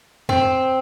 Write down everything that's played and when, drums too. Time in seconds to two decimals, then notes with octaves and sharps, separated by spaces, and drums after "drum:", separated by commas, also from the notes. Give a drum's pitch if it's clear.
0.29 C4, drum: tom E2